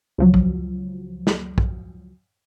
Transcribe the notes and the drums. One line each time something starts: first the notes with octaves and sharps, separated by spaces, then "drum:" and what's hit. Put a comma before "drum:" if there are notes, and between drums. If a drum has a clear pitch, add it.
C#2 F3 F#3
drum: kick
drum: snare
drum: kick